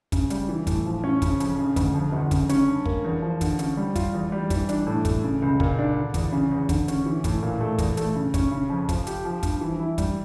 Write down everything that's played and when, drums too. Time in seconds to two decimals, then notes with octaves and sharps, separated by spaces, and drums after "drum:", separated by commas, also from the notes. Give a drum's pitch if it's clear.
0.12 C#3, drum: kick, hi-hat
0.30 G3, drum: hi-hat
0.49 E3
0.67 A2, drum: kick, hi-hat
0.86 F3
1.04 C#4
1.22 C#3, drum: kick, hi-hat
1.40 F2, drum: hi-hat
1.58 C#3
1.76 D2, drum: kick, hi-hat
1.94 F2
2.12 G1
2.31 C#3, drum: kick, hi-hat
2.49 C#4, drum: hi-hat
2.68 G2
2.85 A#3, drum: kick
3.05 E2
3.22 F3
3.41 D3, drum: kick, hi-hat
3.59 C#4, drum: hi-hat
3.77 G3
3.96 F4, drum: kick, hi-hat
4.13 E2
4.32 G3
4.50 E3, drum: kick, hi-hat
4.69 D4, drum: hi-hat
4.87 A2
5.05 A3, drum: kick, hi-hat
5.24 C#3
5.42 C#2
5.60 A#2, drum: kick
5.79 D4
5.96 D3
6.14 E2, drum: kick, hi-hat
6.32 C#3
6.51 E2
6.69 D3, drum: kick, hi-hat
6.88 C#4, drum: hi-hat
7.06 E3
7.24 A2, drum: kick, hi-hat
7.43 A#2
7.60 A3
7.78 E2, drum: kick, hi-hat
7.97 A3, drum: hi-hat
8.15 C#3
8.34 C#4, drum: kick, hi-hat
8.51 C#3
8.69 F2
8.89 F3, drum: kick, hi-hat
9.07 G4, drum: hi-hat
9.25 F3
9.43 G2, drum: kick, hi-hat
9.61 E3
9.79 E4
9.98 G3, drum: kick, hi-hat